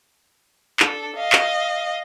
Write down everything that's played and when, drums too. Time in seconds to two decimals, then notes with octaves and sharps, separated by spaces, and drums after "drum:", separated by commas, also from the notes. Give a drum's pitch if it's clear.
0.80 D4 A4, drum: clap
1.17 D#5 F5
1.32 drum: clap